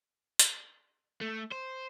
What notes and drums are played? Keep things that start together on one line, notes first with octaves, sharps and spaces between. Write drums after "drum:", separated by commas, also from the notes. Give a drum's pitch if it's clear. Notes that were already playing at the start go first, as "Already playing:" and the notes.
drum: hi-hat
A3
C5